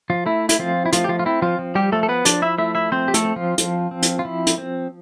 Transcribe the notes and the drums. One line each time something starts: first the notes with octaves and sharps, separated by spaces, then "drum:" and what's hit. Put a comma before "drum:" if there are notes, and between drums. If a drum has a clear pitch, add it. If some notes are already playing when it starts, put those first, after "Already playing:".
F3 F4
A3 E4
E4, drum: hi-hat
F3 C4 F4
E4
F3 A3 F4, drum: hi-hat
G4
F3 F4
F4
C4 E4
F3 F4
F3
G3 G4
F3 A3 A4
A4
B3 B4
F3 D4 D5, drum: hi-hat
E4 E5
A3 E4 E5
E4 E5
F3 C4 C5
G4
A3 A4, drum: hi-hat
C4
F3 F4
F3, drum: hi-hat
C4
drum: hi-hat
F4
F3 E4
drum: hi-hat
C4